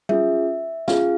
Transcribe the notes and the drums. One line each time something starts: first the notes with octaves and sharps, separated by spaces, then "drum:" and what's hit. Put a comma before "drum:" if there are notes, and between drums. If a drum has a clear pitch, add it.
C#4 F4 G#4 E5, drum: tom G3
C#4 F4 G#4 F5, drum: snare